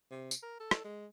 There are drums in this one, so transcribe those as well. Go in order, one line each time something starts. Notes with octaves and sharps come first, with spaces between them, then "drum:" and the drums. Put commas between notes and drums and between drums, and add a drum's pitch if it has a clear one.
C3
drum: tambourine
A#4
A4
drum: rim click
G#3